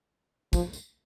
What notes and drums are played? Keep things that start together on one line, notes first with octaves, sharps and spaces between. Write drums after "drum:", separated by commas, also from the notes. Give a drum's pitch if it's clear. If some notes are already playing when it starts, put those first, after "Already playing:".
F3, drum: kick, tambourine
drum: tambourine